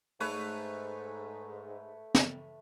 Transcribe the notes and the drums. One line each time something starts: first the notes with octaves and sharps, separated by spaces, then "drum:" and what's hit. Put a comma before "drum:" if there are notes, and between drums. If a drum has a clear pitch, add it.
G#2 A3 B4 C#5, drum: open hi-hat
drum: snare